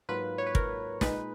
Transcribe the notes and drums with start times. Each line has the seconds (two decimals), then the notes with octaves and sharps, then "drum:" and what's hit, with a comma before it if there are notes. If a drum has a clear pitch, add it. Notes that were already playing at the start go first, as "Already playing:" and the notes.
0.09 G#2 F#3 A#3 F4 B4
0.38 C#5
0.46 B4
0.55 A#4, drum: kick
1.01 A#2 G#3 D#4 B4, drum: snare